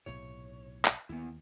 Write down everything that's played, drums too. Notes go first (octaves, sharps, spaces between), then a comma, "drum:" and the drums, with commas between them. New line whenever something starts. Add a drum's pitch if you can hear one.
B1 A2 C3 C#5
drum: clap
D#2 B3 E4